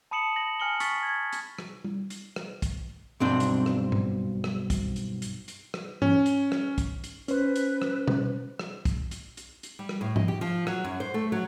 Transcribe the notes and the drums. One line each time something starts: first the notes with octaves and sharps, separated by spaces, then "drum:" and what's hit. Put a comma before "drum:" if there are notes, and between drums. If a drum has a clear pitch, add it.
A5 B5 D#6 C#7 E7 F#7
A#6 F#7
G#5 F6 C#7 F#7 G7
C#6 F6 A6 B6, drum: hi-hat
G#6
drum: hi-hat
drum: rim click
drum: tom G3
drum: hi-hat
drum: rim click
drum: kick, hi-hat
B1 G2 C4 D4
drum: hi-hat
drum: rim click
drum: tom G#2
drum: rim click
drum: kick, hi-hat
drum: hi-hat
drum: hi-hat
drum: hi-hat
drum: rim click
C#4, drum: tom G#2
drum: hi-hat
drum: rim click
drum: kick, hi-hat
drum: hi-hat
C#4 B4 C5, drum: hi-hat
drum: hi-hat
drum: rim click
drum: tom B2
drum: rim click
drum: kick, hi-hat
drum: hi-hat
drum: hi-hat
drum: hi-hat
G3
drum: rim click
A2
D#5, drum: tom G#2
G4
F3
F#3, drum: rim click
F#2
C5
A3
F#3